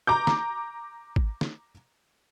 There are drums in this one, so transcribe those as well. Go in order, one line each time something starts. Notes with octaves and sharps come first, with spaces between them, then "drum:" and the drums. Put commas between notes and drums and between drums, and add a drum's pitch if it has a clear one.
A#5 D6 G6
drum: snare
drum: kick G#1
drum: snare